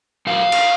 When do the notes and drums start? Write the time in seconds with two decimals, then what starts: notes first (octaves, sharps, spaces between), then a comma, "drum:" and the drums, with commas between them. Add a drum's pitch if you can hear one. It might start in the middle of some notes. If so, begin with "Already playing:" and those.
0.27 A#2 F#3 F5
0.52 drum: cymbal